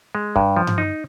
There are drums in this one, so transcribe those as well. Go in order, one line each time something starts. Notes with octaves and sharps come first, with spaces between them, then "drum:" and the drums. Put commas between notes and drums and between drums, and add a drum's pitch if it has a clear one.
G#3
G2, drum: kick
F3
drum: tom G2
D#4